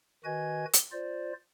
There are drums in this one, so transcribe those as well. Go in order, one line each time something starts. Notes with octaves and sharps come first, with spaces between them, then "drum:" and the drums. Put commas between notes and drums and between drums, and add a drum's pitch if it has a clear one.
D#3 F#4 B4 D#5 G#5 G#6
drum: hi-hat
F4 C5 D5